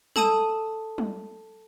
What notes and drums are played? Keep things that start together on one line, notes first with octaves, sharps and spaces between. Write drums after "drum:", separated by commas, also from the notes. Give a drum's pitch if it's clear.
A4 A5 D#6 D#7, drum: tom
drum: tom